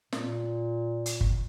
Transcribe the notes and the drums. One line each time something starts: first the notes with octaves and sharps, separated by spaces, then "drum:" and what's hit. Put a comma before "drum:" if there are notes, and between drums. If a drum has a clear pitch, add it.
A#2, drum: snare
drum: hi-hat
drum: kick